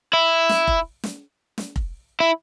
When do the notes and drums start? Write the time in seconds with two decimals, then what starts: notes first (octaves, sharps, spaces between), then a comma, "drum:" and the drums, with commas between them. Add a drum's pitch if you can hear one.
0.13 E4
0.49 drum: snare
0.67 drum: kick F1
1.03 drum: snare
1.58 drum: snare
1.76 drum: kick F1
2.20 E4